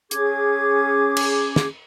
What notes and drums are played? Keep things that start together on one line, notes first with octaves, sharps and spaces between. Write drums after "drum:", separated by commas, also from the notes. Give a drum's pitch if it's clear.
C#4 G#4 D6 G#6, drum: hi-hat
drum: cymbal
drum: snare